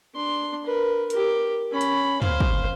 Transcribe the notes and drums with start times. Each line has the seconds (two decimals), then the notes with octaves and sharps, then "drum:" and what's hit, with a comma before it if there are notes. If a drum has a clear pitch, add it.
0.15 D4 C6
0.66 A#4 B4
1.10 G4 A#4, drum: hi-hat
1.72 C#4 B5
1.81 drum: hi-hat
2.22 C5 F5, drum: tom
2.40 drum: kick